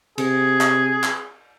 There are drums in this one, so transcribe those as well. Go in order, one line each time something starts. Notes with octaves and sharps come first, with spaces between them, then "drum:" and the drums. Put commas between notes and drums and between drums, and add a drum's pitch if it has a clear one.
C3 G#4, drum: cymbal
drum: clap
drum: clap